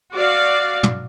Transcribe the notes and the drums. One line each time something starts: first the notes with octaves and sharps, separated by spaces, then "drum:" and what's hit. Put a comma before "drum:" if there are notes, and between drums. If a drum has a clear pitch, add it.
F#4 D5 F5
drum: tom